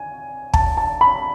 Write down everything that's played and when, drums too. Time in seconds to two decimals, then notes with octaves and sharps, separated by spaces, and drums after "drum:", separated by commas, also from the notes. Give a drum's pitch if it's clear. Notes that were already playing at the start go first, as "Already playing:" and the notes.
Already playing: G#5
0.54 A5, drum: kick
0.77 A5
1.01 B5